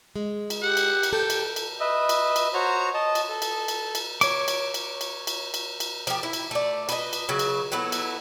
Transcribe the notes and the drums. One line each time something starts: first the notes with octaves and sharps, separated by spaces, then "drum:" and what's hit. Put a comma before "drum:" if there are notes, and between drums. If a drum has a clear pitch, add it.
G#3
drum: cymbal
G4 F#5
drum: cymbal
drum: cymbal
A4 G5
drum: cymbal
drum: cymbal
B4 D#5 E5
drum: cymbal
drum: cymbal
F#4 C5 C#5 A#5
D#5 A5
drum: cymbal
A4
drum: cymbal
drum: cymbal
drum: cymbal
C#5 D6, drum: cymbal
drum: cymbal
drum: cymbal
drum: cymbal
drum: cymbal
drum: cymbal
drum: cymbal
F3 G4, drum: cymbal
E4
drum: cymbal
A3 D5
B4 D#5, drum: cymbal
drum: cymbal
C#3 F#3
drum: cymbal
F#3 A3 B3 E4
drum: cymbal